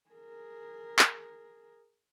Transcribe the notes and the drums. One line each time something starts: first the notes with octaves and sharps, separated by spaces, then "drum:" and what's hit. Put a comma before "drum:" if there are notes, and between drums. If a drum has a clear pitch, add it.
G#4 A#4
drum: clap